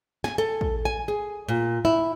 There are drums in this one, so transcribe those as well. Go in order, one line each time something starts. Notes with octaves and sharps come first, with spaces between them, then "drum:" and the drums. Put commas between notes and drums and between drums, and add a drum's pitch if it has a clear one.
G#5, drum: snare
A4
drum: kick
G#5
G#4
A#2
E4